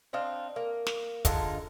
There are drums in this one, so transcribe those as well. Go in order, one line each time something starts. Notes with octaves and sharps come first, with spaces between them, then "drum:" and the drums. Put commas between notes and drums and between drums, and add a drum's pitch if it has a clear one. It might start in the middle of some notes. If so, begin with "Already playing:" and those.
C4 D4 D#4 F5
A#3
drum: snare
D3 G#3 D#4 F4, drum: kick, hi-hat